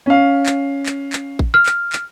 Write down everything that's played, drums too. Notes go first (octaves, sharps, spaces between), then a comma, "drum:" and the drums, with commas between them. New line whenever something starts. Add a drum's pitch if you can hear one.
C#4 F5
drum: clap
drum: clap
drum: clap
drum: kick A1
F6
drum: clap
drum: clap